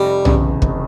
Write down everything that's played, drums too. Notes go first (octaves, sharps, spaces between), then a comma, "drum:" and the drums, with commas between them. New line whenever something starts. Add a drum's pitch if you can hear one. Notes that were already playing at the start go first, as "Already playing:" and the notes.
Already playing: F1 G3
E2 C#3, drum: tom
F1, drum: kick